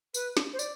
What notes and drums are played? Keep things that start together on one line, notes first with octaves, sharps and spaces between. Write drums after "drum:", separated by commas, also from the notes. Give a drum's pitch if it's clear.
B4, drum: tambourine
drum: snare
C5
D5, drum: tambourine